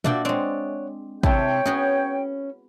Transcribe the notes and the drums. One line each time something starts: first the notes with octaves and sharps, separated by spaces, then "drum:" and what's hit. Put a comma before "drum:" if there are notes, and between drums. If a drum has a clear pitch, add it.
A#2 D4 F#4 D5 E5 G5, drum: tom A#2
G#3 C4 C#5 D5 F#5
C3 E4 C#5 G5 A5, drum: kick
B3 C#4 F#4 G#4